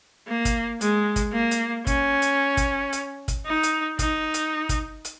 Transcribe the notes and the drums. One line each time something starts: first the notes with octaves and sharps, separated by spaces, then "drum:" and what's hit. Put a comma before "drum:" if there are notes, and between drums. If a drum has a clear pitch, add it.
A#3
drum: kick, hi-hat
G#3, drum: hi-hat
drum: kick, hi-hat
A#3
drum: hi-hat
C#4, drum: kick, hi-hat
drum: hi-hat
drum: kick, hi-hat
drum: hi-hat
drum: kick, hi-hat
D#4
drum: hi-hat
D#4, drum: kick, hi-hat
drum: hi-hat
drum: kick, hi-hat
drum: hi-hat